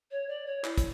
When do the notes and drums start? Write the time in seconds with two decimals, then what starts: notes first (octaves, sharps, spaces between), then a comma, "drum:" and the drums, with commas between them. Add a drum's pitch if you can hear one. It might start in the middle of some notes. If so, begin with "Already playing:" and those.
0.11 C#5
0.28 D5
0.46 C#5
0.64 E4, drum: clap
0.78 drum: kick, hi-hat